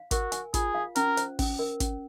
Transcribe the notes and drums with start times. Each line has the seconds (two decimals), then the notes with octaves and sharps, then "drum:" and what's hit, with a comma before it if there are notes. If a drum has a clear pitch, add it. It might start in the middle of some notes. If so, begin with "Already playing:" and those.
Already playing: F5
0.11 F#4 A#4, drum: kick, hi-hat
0.32 G#5, drum: hi-hat
0.54 F4 G#4, drum: kick, hi-hat
0.74 F5
0.96 C#4 A#4, drum: hi-hat
1.17 C5, drum: hi-hat
1.39 C#4, drum: kick, open hi-hat
1.59 A#4
1.80 C#4, drum: kick, hi-hat